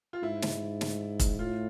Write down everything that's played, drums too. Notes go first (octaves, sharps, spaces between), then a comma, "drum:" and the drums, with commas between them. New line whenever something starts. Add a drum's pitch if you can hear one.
F4
G#2 E4
drum: snare
drum: snare
drum: kick, hi-hat
A2 F4